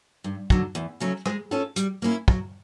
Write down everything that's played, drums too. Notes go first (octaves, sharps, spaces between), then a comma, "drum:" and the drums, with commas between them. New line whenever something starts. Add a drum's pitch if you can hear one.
G2
D3 F#3, drum: kick
E2
C#3 F#3 A3 C#4
G#3, drum: rim click
C#4 F4 A4
G3, drum: hi-hat
A#3 C#4 E4
F#3, drum: kick